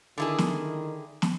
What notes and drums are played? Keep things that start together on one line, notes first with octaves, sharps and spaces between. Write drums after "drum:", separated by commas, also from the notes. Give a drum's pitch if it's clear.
D3 D#3 E4 G#4
drum: snare
drum: snare